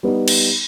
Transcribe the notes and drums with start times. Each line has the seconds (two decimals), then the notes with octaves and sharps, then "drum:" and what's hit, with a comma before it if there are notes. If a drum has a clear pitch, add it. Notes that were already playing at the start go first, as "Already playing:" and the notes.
0.03 G3 B3 D#4
0.28 drum: cymbal